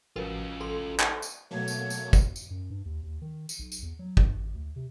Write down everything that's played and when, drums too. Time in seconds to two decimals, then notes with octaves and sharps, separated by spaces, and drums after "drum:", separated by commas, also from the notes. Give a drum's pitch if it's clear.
0.16 A1 F3 C#4 F4 F#4 A#4 B4
0.61 A4 C6
1.00 drum: clap
1.22 drum: tambourine
1.51 B2 F#3 A3 A#3 C#5
1.68 drum: tambourine
1.90 drum: tambourine
2.13 drum: kick, tambourine
2.36 drum: tambourine
2.50 F#2
2.70 G2
2.85 D#2
3.03 D#2
3.21 D#3
3.49 drum: tambourine
3.59 B1
3.72 drum: tambourine
3.82 E2
3.99 F#3
4.17 G2, drum: kick
4.35 G#1
4.54 D2
4.76 C3